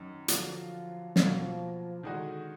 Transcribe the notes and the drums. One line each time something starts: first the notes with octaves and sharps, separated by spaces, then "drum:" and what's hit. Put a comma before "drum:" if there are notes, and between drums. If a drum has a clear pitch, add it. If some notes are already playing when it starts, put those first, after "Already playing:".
Already playing: F#2 D#3
D3 F3 F#3 D4 F4, drum: hi-hat
B2 F3 F#3 A#3 D4, drum: snare
D3 D#3 G#3 D#4 F#4